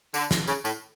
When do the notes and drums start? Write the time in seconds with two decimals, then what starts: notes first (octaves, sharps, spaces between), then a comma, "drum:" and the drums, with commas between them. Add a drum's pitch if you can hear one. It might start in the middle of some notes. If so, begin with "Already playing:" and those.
0.14 D3, drum: tambourine
0.31 drum: snare
0.47 C#3, drum: tambourine
0.65 A2, drum: tambourine